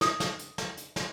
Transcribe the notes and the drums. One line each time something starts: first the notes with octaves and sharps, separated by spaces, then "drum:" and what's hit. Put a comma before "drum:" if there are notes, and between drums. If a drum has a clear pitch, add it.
D#6, drum: snare
drum: snare
drum: hi-hat
drum: snare
drum: hi-hat
drum: snare